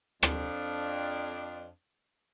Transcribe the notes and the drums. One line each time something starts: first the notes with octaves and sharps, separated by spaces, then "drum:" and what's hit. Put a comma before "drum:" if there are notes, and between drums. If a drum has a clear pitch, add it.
F2 D4, drum: rim click